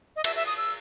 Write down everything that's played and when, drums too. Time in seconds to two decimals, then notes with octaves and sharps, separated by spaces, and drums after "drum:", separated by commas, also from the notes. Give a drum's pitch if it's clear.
0.16 D#5
0.24 E5, drum: cymbal
0.36 E5
0.46 D#6
0.57 E6